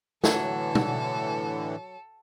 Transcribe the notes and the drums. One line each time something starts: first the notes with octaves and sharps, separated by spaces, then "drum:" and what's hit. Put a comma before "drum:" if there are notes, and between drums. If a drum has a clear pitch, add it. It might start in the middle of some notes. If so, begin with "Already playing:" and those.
A2 D3 E3 F#3 A4, drum: snare
drum: tom